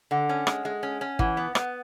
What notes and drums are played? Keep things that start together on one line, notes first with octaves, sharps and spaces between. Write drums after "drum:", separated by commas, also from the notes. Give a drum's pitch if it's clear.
D3 F#5
C#4
G#3, drum: rim click
G#3
C#4
C#4
E3 F#5, drum: kick
B3
B3, drum: rim click